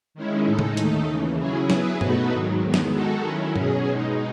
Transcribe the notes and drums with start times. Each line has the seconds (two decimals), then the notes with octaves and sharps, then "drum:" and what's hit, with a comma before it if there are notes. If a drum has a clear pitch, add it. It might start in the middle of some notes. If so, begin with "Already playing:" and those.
0.14 D#3 G#3 C#4 E4
0.45 A2 G#3 D#4 A4
0.59 drum: tom C#3
0.77 D#2 D#3 A3 D#4 A4, drum: hi-hat
1.07 D#2 C#3 E3
1.39 C#3 F#3 C#4 E4 G#4
1.70 F#3 B3 E4 G#4 B4, drum: snare
2.01 B2 A3 D#4 F#4 B4, drum: tom G2
2.32 G#2 D#3 F#3
2.63 E2 D#3 G#3 B3
2.74 drum: snare
2.93 D#3 G#3 D#4 F#4 A4
3.24 D#3 F#3 C#4 E4
3.56 B2 F#3 C#4 G#4, drum: tom G2
3.86 B2 G#3 D#4